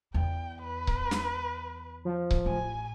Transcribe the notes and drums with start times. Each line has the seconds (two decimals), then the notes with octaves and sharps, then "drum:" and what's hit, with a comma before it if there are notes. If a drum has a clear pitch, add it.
0.14 E2 G5
0.63 B4
0.87 drum: kick C#1
1.11 drum: snare
2.05 F3
2.31 drum: kick C#1
2.46 A1 G#5